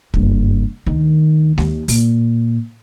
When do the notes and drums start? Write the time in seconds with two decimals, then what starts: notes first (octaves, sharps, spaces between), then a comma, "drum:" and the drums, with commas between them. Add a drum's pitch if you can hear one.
0.14 F#1 G2, drum: kick
0.86 D2 D#3
1.58 D#2 D#3, drum: snare G#3
1.88 A#2, drum: open hi-hat